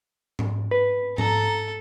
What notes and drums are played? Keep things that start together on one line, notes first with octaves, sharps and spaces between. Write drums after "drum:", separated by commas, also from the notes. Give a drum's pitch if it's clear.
drum: tom G#2
B4
A4 A#5, drum: tom G#2